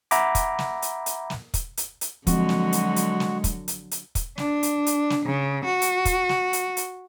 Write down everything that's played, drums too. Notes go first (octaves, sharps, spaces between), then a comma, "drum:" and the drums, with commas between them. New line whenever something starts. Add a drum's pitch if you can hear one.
E5 F#5 A#5 B5 D6, drum: hi-hat
drum: kick, hi-hat
drum: snare
drum: hi-hat
drum: hi-hat
drum: snare
drum: kick, hi-hat
drum: hi-hat
drum: hi-hat
D3 F3 F#3 G#3 C4 F#4, drum: kick, hi-hat
drum: snare
drum: hi-hat
drum: hi-hat
drum: snare
drum: kick, hi-hat
drum: hi-hat
drum: hi-hat
drum: kick, hi-hat
D4, drum: snare
drum: hi-hat
drum: hi-hat
drum: snare
C#3
F#4
drum: hi-hat
drum: kick, hi-hat
drum: snare
drum: hi-hat
drum: hi-hat